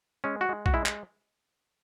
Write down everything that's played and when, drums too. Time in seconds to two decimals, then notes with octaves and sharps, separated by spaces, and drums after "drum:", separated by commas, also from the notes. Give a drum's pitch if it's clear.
0.24 G#3 C#4
0.41 F#4
0.49 G#3
0.66 F#4, drum: kick
0.74 G#3 E4
0.86 drum: clap